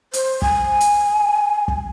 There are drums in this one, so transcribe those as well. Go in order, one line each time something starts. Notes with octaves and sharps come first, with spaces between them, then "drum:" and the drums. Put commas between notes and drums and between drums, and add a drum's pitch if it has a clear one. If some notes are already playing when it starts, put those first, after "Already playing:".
C5, drum: hi-hat
G#5, drum: kick
drum: hi-hat
drum: kick